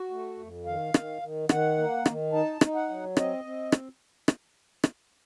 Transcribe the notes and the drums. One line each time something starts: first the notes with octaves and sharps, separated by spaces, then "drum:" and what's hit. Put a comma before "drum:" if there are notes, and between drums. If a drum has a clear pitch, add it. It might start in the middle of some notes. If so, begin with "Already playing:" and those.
Already playing: F#4
A3
F2
D#3 F5
D#3, drum: rim click
D#3
D#3 F#5, drum: rim click
A#3
D#3, drum: rim click
D#4 A5
D#4, drum: rim click
F#5
F#3
C4 D#5, drum: rim click
C4
drum: rim click
drum: rim click
drum: rim click